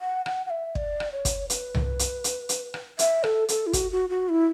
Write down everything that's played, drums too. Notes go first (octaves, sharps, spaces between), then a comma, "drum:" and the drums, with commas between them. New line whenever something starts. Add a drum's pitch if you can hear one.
F#5
F#5, drum: rim click
F#5
E5
D5, drum: kick
drum: rim click
C#5
drum: kick, hi-hat
B4, drum: hi-hat
drum: tom C2
drum: hi-hat
drum: hi-hat
drum: hi-hat
drum: rim click
E5, drum: hi-hat
A4, drum: rim click
A4, drum: hi-hat
E4
F#4, drum: kick, hi-hat
F#4
F#4
E4